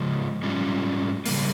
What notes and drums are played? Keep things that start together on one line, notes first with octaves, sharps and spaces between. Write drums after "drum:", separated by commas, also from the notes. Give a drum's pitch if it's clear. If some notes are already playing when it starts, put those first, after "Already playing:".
Already playing: C#3 F3 G#3
G#2 G3 C#4 F4
C#3 G3 A#3, drum: open hi-hat